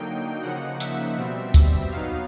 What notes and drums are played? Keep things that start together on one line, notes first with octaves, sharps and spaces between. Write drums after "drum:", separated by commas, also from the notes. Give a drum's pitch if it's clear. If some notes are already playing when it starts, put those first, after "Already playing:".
Already playing: D3 F#3 A#3 D#4 G5
C#3 F3 A#3 D#4 F#5
E5, drum: hi-hat
B2 G3 C4
drum: kick C#2, hi-hat
F#3 B3 D#4 F5